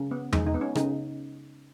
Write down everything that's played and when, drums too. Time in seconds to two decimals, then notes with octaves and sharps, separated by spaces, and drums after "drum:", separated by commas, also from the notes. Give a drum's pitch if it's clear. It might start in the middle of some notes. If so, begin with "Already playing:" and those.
Already playing: C#3
0.11 B3
0.33 G#3 D#4, drum: tom E2
0.46 D#4
0.54 B3
0.61 C#4
0.75 C#3 D#4, drum: rim click